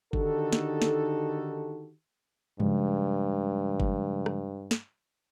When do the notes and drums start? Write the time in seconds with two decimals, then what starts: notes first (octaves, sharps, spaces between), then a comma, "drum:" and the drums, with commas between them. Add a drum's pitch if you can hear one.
0.13 D3 D#3 D#4 F#4 G4 A4, drum: kick G1
0.53 drum: snare
0.82 drum: snare
2.60 G2 C#3 F3 G#3, drum: tom G2
3.80 drum: kick G1
4.26 drum: rim click
4.71 drum: snare